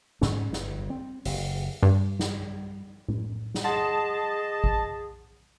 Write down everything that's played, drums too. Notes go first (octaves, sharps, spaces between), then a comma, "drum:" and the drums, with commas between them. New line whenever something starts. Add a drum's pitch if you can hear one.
G#2 C#4, drum: snare
G1, drum: snare
C4
F#1, drum: open hi-hat
G2
drum: snare
drum: tom A2
drum: snare
G#4 D#5 F#5 A5 C6
drum: kick